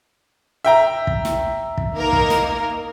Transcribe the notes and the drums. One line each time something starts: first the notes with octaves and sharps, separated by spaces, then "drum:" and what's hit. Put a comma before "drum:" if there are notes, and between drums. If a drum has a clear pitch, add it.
E5 G5 A#5
drum: kick
drum: snare
drum: kick
A#3 D#4 A#4
drum: kick
drum: snare